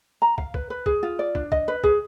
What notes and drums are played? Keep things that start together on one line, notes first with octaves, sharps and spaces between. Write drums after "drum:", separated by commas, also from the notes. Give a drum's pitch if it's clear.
A#5
F5, drum: kick
B4, drum: kick
B4
G#4, drum: kick
F4
D5
D4, drum: kick
D#5, drum: kick
B4
G#4, drum: kick